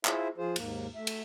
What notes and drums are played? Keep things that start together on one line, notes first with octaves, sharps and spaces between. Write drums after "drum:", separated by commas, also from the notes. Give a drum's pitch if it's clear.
E4 F4 G#4 C5 E5, drum: clap
F3 F4 G#4 C5
D#2 G#2 A#3, drum: cymbal
A3 E5
drum: cymbal